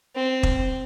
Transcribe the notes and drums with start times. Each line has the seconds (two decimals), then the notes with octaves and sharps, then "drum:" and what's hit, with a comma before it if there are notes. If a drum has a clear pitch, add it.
0.15 C4
0.43 drum: kick